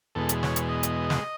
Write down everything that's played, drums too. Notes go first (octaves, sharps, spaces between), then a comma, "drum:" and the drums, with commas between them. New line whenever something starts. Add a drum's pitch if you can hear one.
E2 B2 G#3 A4
drum: hi-hat
C#5, drum: snare
drum: hi-hat
D#5
drum: hi-hat
drum: snare